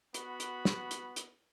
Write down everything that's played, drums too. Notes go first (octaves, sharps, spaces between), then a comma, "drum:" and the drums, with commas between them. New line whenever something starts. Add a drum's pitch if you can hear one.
B3 F#4 B5, drum: hi-hat
drum: hi-hat
drum: snare
drum: hi-hat
drum: hi-hat